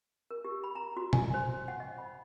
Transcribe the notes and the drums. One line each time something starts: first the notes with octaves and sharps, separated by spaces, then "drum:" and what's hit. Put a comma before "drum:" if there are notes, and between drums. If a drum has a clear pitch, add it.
A#4
G4
B5
A#5
F#4
G#5, drum: tom
C5
F#5
D#5
B5